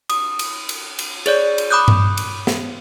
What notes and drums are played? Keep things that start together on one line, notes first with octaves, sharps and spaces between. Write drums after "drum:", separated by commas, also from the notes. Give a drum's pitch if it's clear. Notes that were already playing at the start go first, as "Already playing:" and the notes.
D#6, drum: cymbal
drum: cymbal
drum: cymbal
drum: cymbal
G#4 C#5 D5, drum: cymbal
drum: cymbal
B5 D6 D#6 F#6 G6
drum: tom G2
drum: cymbal
drum: snare